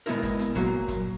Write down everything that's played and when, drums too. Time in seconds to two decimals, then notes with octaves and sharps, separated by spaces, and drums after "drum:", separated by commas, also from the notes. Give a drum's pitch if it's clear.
0.06 A#2 G#3 B3 E4 A#4, drum: hi-hat
0.23 drum: kick, hi-hat
0.39 drum: hi-hat
0.55 A#2 F#3 A#3, drum: kick, hi-hat
0.88 drum: kick, hi-hat